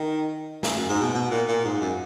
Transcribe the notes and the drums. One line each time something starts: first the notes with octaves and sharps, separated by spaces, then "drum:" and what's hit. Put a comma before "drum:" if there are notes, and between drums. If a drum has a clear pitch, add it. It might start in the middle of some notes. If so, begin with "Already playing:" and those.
Already playing: D#3
C#3, drum: snare
F#2
G#2
B2
B2
A#2
A#2
G#2
F#2